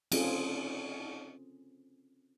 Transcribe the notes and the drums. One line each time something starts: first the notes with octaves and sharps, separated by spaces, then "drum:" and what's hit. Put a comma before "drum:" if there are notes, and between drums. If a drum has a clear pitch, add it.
C4 C#4 F4 G#4 A4, drum: cymbal